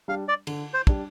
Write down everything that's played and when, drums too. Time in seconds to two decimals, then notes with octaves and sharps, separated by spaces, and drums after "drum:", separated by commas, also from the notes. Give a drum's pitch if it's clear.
0.08 G3 D4 F5
0.28 D5
0.47 D3, drum: cymbal
0.74 C5
0.87 G3 D4, drum: kick